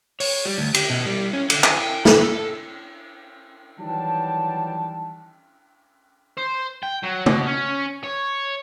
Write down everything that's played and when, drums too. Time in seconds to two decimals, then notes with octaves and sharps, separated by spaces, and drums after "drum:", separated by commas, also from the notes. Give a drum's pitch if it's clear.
0.20 C#5, drum: open hi-hat
0.45 G3
0.58 D2
0.74 G4, drum: cymbal
0.90 B2
1.05 G3
1.33 C#4
1.50 D3, drum: cymbal
1.64 G#5, drum: clap
1.81 G5
2.05 B5, drum: snare
2.23 A4
3.80 D#3 E3 F#3 G3 G5 A5
6.37 C5
6.83 G5
7.04 F#3
7.26 B2, drum: tom
7.47 C#4
8.04 C#5